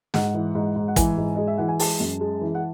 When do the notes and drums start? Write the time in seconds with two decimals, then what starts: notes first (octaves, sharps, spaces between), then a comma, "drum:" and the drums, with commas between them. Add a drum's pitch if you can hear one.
0.14 G#2 F#5, drum: snare
0.34 E3
0.55 G#2
0.76 G#2
0.88 F#5
0.96 E3 G#5, drum: kick, hi-hat
1.17 G#2
1.36 G#3 D#5
1.47 E5
1.58 E3 F#5
1.68 G#5
1.79 G#3 A5, drum: open hi-hat
2.00 F#2
2.21 G#3
2.41 E3
2.55 F#5